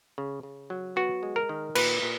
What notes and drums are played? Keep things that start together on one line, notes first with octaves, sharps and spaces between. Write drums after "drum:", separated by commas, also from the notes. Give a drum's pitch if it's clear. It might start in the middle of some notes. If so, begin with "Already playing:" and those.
C#3
C#3
F#3
B3 F#4
G#3
A#4
D#3
A#2 B4, drum: cymbal
A#2